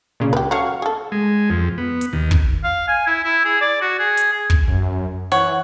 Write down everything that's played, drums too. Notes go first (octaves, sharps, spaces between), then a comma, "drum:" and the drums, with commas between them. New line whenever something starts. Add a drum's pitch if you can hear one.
A#2 C#3
C#2 G4 B4
F#3 A3 F#4 F5 C#6
G#4 A4
G#3
F2
B3
drum: hi-hat
D#2
drum: kick
F5
G#5
E4
E4
G#4
D5
F#4
G#4
drum: hi-hat
G#4
drum: kick
F#2
E3 C#5 F#5